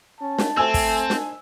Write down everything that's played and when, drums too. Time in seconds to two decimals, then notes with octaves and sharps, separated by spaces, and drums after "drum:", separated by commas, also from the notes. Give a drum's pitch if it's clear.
0.21 C#4 A5
0.38 drum: snare
0.57 A3 C4 C5 G#5 E6
0.74 drum: kick, open hi-hat
1.10 drum: snare